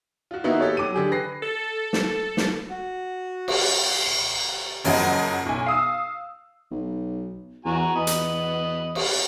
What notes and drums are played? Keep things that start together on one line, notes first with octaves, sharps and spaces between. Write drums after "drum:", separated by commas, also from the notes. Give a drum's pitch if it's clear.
F4 F#4
D#3 A#3 B3 D#4 E4 F#4
G4 A4 C#5
F#3 D6 D#7
D3 G4 G#4
B4 A#6 C7
A4
drum: snare
drum: snare
F#4
drum: cymbal
C#7
F#1 F#2 F3 F#3 D#5 F#5, drum: open hi-hat
B1 G#5
F5 D#6 E6
B1
E2 F#4 G#5 A#5
E2 B3 D#5 B5
drum: hi-hat
drum: cymbal